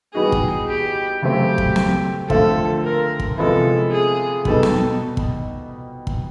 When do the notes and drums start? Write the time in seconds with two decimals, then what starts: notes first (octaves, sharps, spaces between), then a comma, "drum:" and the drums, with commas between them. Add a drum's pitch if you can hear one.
0.14 E3 G3 B3 D#4 F#4 G#4
0.32 drum: kick
0.68 G4
1.22 C#3 F#3 A3 C4 G4
1.58 drum: kick
1.76 drum: snare
2.30 D3 F3 A3 C4 F4 A4, drum: kick
2.84 A#4
3.20 drum: kick
3.38 C3 F3 G#3 B3 E4 A4
3.91 G#4
4.45 B2 G3 B3 D#4 A4, drum: kick
4.63 drum: snare
5.17 drum: kick
6.07 drum: kick